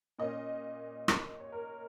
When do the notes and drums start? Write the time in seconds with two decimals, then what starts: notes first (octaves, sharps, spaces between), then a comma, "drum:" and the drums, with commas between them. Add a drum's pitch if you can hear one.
0.19 A#2 A#3 C#4 D#5
1.08 drum: rim click
1.40 C#5
1.52 A#4